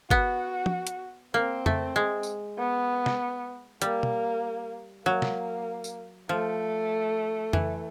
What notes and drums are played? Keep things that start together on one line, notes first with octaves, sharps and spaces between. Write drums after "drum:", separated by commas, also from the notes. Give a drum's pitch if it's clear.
B3 F#4, drum: kick G1
drum: tom
drum: hi-hat
A#3 C4
A3, drum: tom F2
G#3
drum: tambourine
B3
drum: snare
G3 A#3, drum: hi-hat
drum: tom
F#3 A#3
drum: snare
drum: tambourine
F3 A3
E3, drum: tom F2